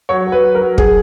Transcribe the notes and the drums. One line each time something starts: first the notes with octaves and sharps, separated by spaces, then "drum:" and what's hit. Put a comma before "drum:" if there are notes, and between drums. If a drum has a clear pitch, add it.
F#3 C#5
F#3
B4
F#3
A#4
F#3
F#3 G#4, drum: kick